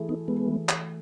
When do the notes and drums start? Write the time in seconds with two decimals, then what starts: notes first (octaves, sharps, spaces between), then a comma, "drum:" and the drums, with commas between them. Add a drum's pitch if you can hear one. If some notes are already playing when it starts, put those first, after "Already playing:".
Already playing: E3 A3 E4 G#4
0.09 B3 D#4
0.28 G#3 B3
0.47 E3 A3 E4 G#4
0.69 drum: clap